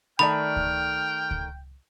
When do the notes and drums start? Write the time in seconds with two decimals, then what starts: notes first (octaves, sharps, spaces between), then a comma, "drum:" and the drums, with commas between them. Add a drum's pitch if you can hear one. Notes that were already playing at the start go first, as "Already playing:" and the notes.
0.19 D#3 A3 D5 G5 B5 F6
0.56 drum: kick C#2
1.31 drum: kick C#2